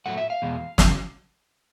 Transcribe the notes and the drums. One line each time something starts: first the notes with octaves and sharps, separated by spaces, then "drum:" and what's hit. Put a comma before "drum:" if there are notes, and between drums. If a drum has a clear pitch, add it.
A2 F#3 A3 F#5
E5
F5
E2 B2 G#3
F2 C#3 F#3, drum: snare